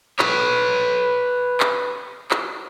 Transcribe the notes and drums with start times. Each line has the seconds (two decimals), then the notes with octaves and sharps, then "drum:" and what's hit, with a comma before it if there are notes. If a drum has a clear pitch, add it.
0.19 B4 C#5, drum: clap
1.60 drum: clap
2.31 drum: clap